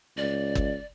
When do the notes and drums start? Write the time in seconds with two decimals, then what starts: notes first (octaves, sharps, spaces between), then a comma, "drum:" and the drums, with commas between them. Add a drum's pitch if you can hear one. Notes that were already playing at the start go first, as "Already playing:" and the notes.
0.17 C#2 D5
0.55 drum: kick